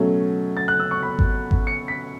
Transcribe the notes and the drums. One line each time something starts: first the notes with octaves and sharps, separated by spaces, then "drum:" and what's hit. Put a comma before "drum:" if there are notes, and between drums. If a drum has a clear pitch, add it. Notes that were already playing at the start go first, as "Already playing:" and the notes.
Already playing: B2 F#3 A3 C#4
A6
F#6
E6
C#6
B5
drum: kick G#1
drum: kick G#1
C#7
B6